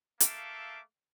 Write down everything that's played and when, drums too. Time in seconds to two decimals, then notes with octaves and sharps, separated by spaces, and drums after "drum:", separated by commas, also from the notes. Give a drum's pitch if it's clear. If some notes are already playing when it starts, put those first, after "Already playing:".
0.20 A3 A#3 A4 E5 F5 D6, drum: hi-hat